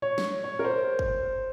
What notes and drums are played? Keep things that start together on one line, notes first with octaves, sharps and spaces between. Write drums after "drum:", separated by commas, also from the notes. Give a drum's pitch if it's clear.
C#5
drum: snare
C#5
A#4
C5
drum: kick